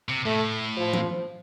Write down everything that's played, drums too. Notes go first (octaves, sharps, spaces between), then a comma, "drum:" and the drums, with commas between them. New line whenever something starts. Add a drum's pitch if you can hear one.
C3
A2 A3
F3
drum: tom E3